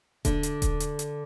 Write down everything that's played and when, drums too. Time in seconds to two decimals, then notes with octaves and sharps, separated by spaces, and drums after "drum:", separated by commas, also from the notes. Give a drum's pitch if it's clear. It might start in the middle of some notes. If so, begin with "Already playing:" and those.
0.25 D3, drum: kick D#1, hi-hat
0.43 drum: hi-hat
0.62 drum: kick D#1, hi-hat
0.80 drum: hi-hat
0.99 drum: hi-hat